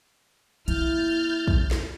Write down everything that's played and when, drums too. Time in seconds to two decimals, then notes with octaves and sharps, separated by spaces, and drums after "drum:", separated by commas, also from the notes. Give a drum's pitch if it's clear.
0.68 A#3 E4 F6 G6 A6, drum: hi-hat
1.48 drum: kick
1.71 drum: snare